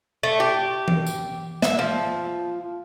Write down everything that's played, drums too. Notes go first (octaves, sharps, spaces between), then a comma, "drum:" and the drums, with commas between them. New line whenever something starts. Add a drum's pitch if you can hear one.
A3
G4
drum: tom E3
drum: tambourine
E5, drum: snare
F3